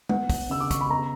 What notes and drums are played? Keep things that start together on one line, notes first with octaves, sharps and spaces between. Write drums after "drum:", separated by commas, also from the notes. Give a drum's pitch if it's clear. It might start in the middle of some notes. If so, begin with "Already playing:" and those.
B3 F#5, drum: tom
drum: kick, open hi-hat
C#3 E6
D6
C#6, drum: kick, hi-hat
B5
B3 A#5